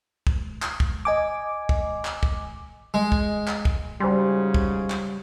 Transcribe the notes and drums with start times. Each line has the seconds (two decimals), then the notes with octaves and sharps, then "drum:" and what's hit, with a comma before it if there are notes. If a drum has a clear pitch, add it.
0.27 drum: kick
0.62 drum: clap
0.80 drum: kick
1.05 D#5 G#5 D6
1.69 drum: kick
2.05 drum: clap
2.23 drum: kick
2.94 G#3
3.12 drum: kick
3.47 drum: clap
3.65 drum: kick
4.00 G#2 C#3 F#3 G3 C5 G#5 C6
4.54 drum: kick
4.90 drum: clap